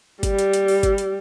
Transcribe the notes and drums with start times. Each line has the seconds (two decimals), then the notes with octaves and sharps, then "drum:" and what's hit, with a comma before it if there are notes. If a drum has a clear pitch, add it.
0.23 G3, drum: kick G1, hi-hat
0.39 drum: hi-hat
0.53 drum: hi-hat
0.68 drum: open hi-hat
0.83 drum: kick G1, hi-hat
0.98 drum: hi-hat